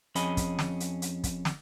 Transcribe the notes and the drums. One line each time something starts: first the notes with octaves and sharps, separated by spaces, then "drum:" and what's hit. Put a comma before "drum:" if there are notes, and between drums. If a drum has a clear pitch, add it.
F2 C#4 G#4 D#5 B5, drum: hi-hat
drum: kick, hi-hat
drum: snare
drum: hi-hat
drum: hi-hat
drum: kick, hi-hat
drum: snare